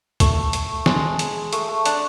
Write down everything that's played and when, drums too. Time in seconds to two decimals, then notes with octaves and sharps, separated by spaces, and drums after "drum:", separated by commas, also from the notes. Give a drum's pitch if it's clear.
0.20 A3, drum: kick, hi-hat
0.53 drum: hi-hat
0.86 G#3, drum: snare
1.19 drum: hi-hat
1.53 A3, drum: hi-hat
1.68 A3
1.85 D4, drum: hi-hat